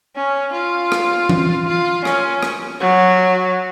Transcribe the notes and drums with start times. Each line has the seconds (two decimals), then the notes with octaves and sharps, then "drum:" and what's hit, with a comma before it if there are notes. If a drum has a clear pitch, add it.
0.16 C#4
0.54 F4
0.92 drum: rim click
1.29 drum: tom E3
1.67 F4
2.05 C#4, drum: rim click
2.43 drum: rim click
2.81 F#3